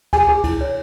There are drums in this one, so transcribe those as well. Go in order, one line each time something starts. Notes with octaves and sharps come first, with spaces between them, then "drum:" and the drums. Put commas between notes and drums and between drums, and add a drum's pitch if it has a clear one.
G#4 G#5, drum: kick, cymbal
G#4
E4, drum: kick, cymbal
C#5